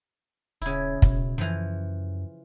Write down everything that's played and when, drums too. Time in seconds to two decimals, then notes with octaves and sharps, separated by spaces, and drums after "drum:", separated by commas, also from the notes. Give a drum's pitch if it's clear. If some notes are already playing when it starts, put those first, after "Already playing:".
0.62 D#1 C#3 E4
1.02 B2, drum: kick
1.38 F#2 E3 F3